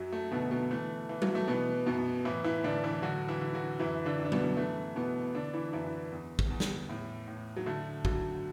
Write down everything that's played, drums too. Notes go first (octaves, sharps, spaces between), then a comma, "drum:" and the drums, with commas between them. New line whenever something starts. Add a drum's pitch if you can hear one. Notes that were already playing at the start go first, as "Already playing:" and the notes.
Already playing: F#2 F#3
A3
B2 D3 B3
B2 B3
E3 A3
E3
F#3, drum: tom F#3
A3
B2 E3 B3
F#2 B2 B3
A2 E3 E4
E3 E4
A2 D3 D4
E3 E4
D3 F#3 F#4
E3 E4
D3
F#3 F#4
F#2 E3 E4
D3 D4
F#2
D4
B2 B3, drum: tom F#3
E3 A3
B2 E3 B3
D3 D4
E3 E4
F#2 E3 E4
E2
drum: kick
E2
drum: snare
A2
A2
F#3
D3 A3
D3 F#3, drum: kick